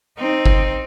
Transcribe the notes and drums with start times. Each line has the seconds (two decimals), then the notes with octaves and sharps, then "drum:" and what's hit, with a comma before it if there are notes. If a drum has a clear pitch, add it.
0.18 C4 D#4
0.46 drum: kick G1